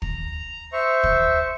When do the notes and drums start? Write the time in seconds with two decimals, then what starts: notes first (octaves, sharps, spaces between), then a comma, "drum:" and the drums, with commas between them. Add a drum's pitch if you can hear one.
0.02 A#5, drum: kick
0.73 C5 E5 C#6
1.04 drum: kick